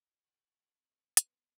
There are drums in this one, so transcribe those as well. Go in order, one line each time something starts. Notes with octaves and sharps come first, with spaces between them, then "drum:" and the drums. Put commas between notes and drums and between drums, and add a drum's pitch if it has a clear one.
A3 F#4 D5 G5 F#7
C4 C#6
A3 B3 F4 B4, drum: hi-hat